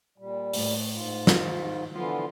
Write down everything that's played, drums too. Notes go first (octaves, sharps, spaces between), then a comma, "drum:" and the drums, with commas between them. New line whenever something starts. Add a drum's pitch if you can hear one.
A#2 G3
A2, drum: open hi-hat
G#2 F4
D#3, drum: snare
D3 E3 F3 B3 F4